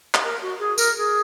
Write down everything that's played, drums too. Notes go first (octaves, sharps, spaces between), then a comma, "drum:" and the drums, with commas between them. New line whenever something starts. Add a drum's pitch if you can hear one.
drum: clap
A#4
F#4
G#4
A#4, drum: tambourine
G#4